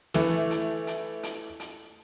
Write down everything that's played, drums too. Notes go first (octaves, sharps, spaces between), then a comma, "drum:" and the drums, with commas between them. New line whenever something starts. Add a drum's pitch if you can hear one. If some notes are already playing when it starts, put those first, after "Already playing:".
E3 A3, drum: snare
drum: hi-hat
drum: hi-hat
drum: hi-hat
drum: hi-hat